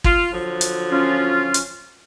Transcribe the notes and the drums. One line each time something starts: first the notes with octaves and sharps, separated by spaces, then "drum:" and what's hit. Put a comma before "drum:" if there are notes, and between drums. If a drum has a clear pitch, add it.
F4, drum: kick G#1
D3 F3 F#3
drum: hi-hat
C#4 F4
drum: hi-hat